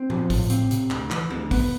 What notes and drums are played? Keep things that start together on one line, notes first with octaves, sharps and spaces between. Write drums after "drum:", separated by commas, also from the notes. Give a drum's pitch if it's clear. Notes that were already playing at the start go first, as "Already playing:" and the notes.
Already playing: C4
F3, drum: tom A2
A2, drum: kick G#1, open hi-hat
C4, drum: hi-hat
C3, drum: hi-hat
D2, drum: clap
E3, drum: clap
D2, drum: tom D#3
B3, drum: kick G#1, open hi-hat